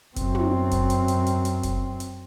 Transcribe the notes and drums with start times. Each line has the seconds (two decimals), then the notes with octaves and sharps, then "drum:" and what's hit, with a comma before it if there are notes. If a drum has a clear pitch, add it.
0.16 F#2 C4, drum: kick F1, hi-hat
0.35 drum: tom
0.71 drum: kick F1, hi-hat
0.90 drum: hi-hat
1.08 drum: hi-hat
1.27 drum: hi-hat
1.45 drum: hi-hat
1.63 drum: kick F1, hi-hat
2.00 drum: hi-hat